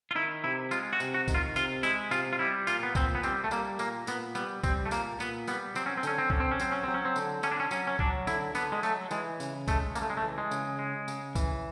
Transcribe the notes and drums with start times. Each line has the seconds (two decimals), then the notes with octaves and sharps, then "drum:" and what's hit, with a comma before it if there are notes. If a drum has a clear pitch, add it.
0.11 F4
0.15 D#3 E4
0.44 C3 E4
0.71 G#3 F4, drum: tambourine
0.93 F#4
1.00 C3, drum: tambourine
1.14 F#4
1.28 D#3, drum: kick B1, tambourine
1.34 F4
1.56 C3 F4, drum: tambourine
1.83 G#3 E4, drum: tambourine
2.11 C3 F4, drum: tambourine
2.33 F4
2.39 G3 E4
2.67 A#2 F4, drum: tambourine
2.83 B3
2.95 A#2 C4, drum: kick B1, tambourine
3.15 B3
3.23 G3 C4, drum: tambourine
3.44 A3
3.51 G3 A#3, drum: tambourine
3.79 A#2 A#3, drum: tambourine
4.07 A#2 B3, drum: tambourine
4.35 G3 B3, drum: tambourine
4.64 G3 C4, drum: kick B1, tambourine
4.86 A3
4.91 A#2 A#3, drum: tambourine
5.20 A#2 B3, drum: tambourine
5.47 G3 B3, drum: tambourine
5.75 F#3 C4, drum: tambourine
5.86 C#4
5.97 C4
6.03 D3 C#4, drum: tambourine
6.18 C4
6.30 D3 C#4, drum: kick B1
6.40 C4
6.51 C#4
6.60 F#3 C4, drum: tambourine
6.72 C#4
6.84 F#3 C4
6.94 C#4
7.05 C4
7.16 D3, drum: tambourine
7.43 D3 C#4, drum: tambourine
7.51 D4
7.60 C#4
7.71 F#3 C#4, drum: tambourine
7.87 C#4
7.99 F#3 D4, drum: kick B1
8.27 D3 E4, drum: tambourine
8.55 D3 B3, drum: tambourine
8.72 G#3
8.83 F#3 A3, drum: tambourine
9.11 E3 G#3, drum: tambourine
9.40 C#3, drum: tambourine
9.68 G#3 A3, drum: kick B1, tambourine
9.95 C#3 A#3, drum: tambourine
10.02 A3
10.10 G#3
10.17 A3
10.23 E3
10.38 G#3
10.51 C#3, drum: tambourine
10.79 G#3
11.08 C#3, drum: tambourine
11.35 E3, drum: kick B1, tambourine